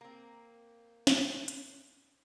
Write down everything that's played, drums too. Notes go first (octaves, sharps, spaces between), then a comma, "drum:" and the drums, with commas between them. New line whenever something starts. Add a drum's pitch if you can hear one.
A#3 C4
drum: snare
drum: hi-hat